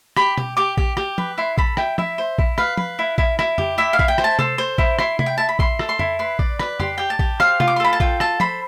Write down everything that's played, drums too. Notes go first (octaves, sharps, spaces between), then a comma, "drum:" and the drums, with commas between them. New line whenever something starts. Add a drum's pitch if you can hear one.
G4 B5, drum: rim click
G4, drum: tom B2
G4 D6
G4, drum: kick A#1
G4, drum: rim click
B4, drum: tom
E4 C6
A4 B5, drum: kick A#1
E4 G5, drum: rim click
E4 E5, drum: tom
C5
E4, drum: kick A#1
B4 F5, drum: rim click
B4, drum: tom
E4
E4, drum: kick A#1
E4, drum: rim click
G4, drum: tom F2
E4 E5
F5
E4, drum: kick A#1
G5
C5, drum: rim click
A5
A4 C6, drum: tom C3
C5
E4, drum: kick A#1
E4 C6, drum: rim click
E4, drum: tom C3
G5
E4 A5
B5
E4 C6, drum: kick A#1
A4, drum: rim click
C6
E4, drum: tom F2
B4 C6
D5, drum: kick A#1
B4, drum: rim click
G4 C6, drum: tom F2
G4 G5
A5
G4, drum: kick A#1
C5 F5, drum: rim click
F4, drum: tom C3
D6
C6
A4 B5
A5
F4 G5, drum: kick A#1
A4 A5, drum: rim click
C5 B5, drum: tom